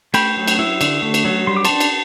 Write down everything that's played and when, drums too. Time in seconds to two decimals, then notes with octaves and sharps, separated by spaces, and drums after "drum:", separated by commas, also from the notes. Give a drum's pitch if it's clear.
0.14 A3 G5 B5, drum: cymbal
0.37 F#3
0.48 drum: cymbal
0.59 E4
0.81 D3, drum: cymbal
1.02 A3
1.14 drum: cymbal
1.25 F#3
1.47 G3 C6
1.57 D6
1.65 D4 A5 C6, drum: cymbal
1.80 drum: cymbal